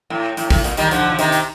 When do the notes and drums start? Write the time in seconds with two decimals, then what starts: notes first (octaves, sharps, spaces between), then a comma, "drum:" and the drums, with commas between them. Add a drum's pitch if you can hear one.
0.10 A2
0.37 A2, drum: hi-hat
0.50 A2, drum: kick G#1, open hi-hat
0.64 A#2, drum: hi-hat
0.77 D#3 G3, drum: hi-hat
0.91 D3 F3, drum: hi-hat
1.12 F3
1.19 C3 D#3, drum: hi-hat
1.32 drum: hi-hat